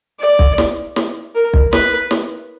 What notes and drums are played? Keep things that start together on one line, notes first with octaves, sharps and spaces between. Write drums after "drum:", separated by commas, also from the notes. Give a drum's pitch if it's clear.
D5
drum: kick B1
drum: snare
drum: snare
A#4
drum: kick B1
B4, drum: snare
drum: snare